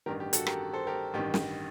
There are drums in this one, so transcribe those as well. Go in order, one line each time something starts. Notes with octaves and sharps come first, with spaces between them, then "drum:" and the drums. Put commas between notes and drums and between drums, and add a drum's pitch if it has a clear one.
A1 G2 D#3 G4 A#4
G4
F#4 A4, drum: hi-hat
G4 A#4, drum: rim click
A4 C5
G4 A#4
A1 G2 D#3 G4
drum: snare